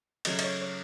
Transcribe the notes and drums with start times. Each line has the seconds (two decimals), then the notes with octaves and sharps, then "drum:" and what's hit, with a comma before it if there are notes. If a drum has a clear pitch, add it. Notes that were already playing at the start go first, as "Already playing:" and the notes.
0.25 C#3 F#3 A3 D#5, drum: cymbal
0.39 D#5, drum: cymbal
0.44 C#5
0.62 C#5